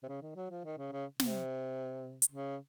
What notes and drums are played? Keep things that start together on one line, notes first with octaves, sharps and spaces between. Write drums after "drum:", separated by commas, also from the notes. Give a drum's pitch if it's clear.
C3
C#3
D#3
F#3
F3
D#3
C#3
C#3
C3, drum: snare
drum: hi-hat
C#3